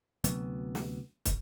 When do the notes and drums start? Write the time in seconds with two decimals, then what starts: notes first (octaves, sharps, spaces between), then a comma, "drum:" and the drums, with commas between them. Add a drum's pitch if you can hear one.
0.24 D2 C3 F#3 B3, drum: hi-hat
0.75 drum: snare
1.26 drum: kick, hi-hat